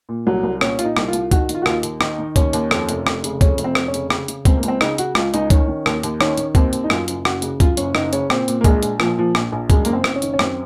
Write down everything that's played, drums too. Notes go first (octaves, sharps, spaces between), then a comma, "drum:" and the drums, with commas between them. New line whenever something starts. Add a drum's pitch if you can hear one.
A#2
C2 F#3
C2
A#2 C#4, drum: rim click
A#2 F4, drum: hi-hat
D#4
C2, drum: rim click
F4
C2, drum: hi-hat
D#3 F#4, drum: kick, hi-hat
D#3, drum: hi-hat
F4
F#4
D#2 F4, drum: rim click
D#2, drum: hi-hat
D#3 D#4, drum: rim click
D#3
D#2 C#4, drum: kick, hi-hat
D#2, drum: hi-hat
F2, drum: rim click
F1, drum: hi-hat
F1, drum: rim click
C#3, drum: hi-hat
F2 C#4, drum: kick, hi-hat
F1, drum: hi-hat
C4
F1, drum: rim click
C#4
C#3, drum: hi-hat
C#3, drum: rim click
C#3, drum: hi-hat
C#2 C4, drum: kick, hi-hat
A#3
C#2, drum: hi-hat
C4
C#3 D#4, drum: rim click
C#3 F#4, drum: hi-hat
C#2 F4, drum: rim click
C#2 D#4, drum: hi-hat
D#3 C#4, drum: kick, hi-hat
D#3
D#2, drum: rim click
D#2, drum: hi-hat
D#3 C#4, drum: rim click
D#3, drum: hi-hat
D#2 C4, drum: kick, hi-hat
D#2, drum: hi-hat
D#4
F#2 F4, drum: rim click
F#1, drum: hi-hat
F#1 F#4, drum: rim click
C#3, drum: hi-hat
F#2 F4, drum: kick, hi-hat
F#1 C#4, drum: hi-hat
F#1 D#4, drum: rim click
C#3 C#4, drum: hi-hat
A#2 C4, drum: rim click
A#2, drum: hi-hat
A#3
A#1 G#3, drum: kick, hi-hat
A#1, drum: hi-hat
A#2 F3, drum: rim click
A#2 F3
A#1, drum: rim click
A#1
F#2 G#3, drum: kick, hi-hat
F#1 A#3, drum: hi-hat
C4
F#1, drum: rim click
C#4
D#3, drum: hi-hat
C#4
F#2 C4, drum: rim click